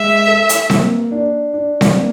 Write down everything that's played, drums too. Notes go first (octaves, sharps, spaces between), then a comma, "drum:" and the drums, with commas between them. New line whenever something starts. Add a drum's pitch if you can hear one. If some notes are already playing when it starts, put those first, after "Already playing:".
Already playing: G#3 E5
A4
drum: hi-hat
A#3, drum: snare C4
D4
D4
drum: snare C4
A#3